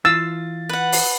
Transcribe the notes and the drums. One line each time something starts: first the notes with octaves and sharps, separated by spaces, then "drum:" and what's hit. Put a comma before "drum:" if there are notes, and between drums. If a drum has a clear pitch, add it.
E3 F4 F5 E6 A6
B4 F#5
drum: open hi-hat